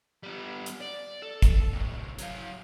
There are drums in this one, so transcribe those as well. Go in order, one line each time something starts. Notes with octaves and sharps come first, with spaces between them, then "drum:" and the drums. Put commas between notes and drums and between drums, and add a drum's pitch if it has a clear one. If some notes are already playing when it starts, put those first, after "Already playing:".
G3 B3
drum: hi-hat
D5
A4
drum: kick, hi-hat
A2 C3
F#3 F5, drum: hi-hat